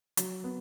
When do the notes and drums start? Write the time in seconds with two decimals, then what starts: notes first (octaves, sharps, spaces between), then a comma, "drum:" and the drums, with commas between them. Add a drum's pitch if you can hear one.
0.17 F#3, drum: hi-hat
0.44 B3